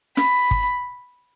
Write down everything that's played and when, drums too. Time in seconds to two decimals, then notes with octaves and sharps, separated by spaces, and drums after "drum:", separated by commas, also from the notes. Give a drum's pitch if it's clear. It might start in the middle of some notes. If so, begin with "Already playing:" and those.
0.17 B5, drum: snare
0.51 drum: kick